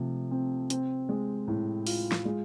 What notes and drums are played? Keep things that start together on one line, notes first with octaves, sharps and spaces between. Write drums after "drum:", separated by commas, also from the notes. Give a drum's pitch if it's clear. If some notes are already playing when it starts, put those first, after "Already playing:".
Already playing: C3 F3 A3
C4
C4, drum: hi-hat
G#3
A2
F4, drum: open hi-hat
drum: snare
G#3